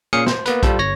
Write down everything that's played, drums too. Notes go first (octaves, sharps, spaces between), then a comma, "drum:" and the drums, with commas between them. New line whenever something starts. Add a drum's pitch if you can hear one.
A#2 C#4 G#4 F5 D#6 C#7
C5, drum: snare
A#3 B3 B4, drum: hi-hat
G3 F4 A4 C5, drum: kick A#1, hi-hat
G1 C#5 A#6